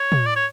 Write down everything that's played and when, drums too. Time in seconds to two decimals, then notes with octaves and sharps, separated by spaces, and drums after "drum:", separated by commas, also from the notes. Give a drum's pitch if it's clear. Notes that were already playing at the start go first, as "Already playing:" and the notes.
Already playing: C#5
0.12 drum: tom
0.26 D5
0.36 C#5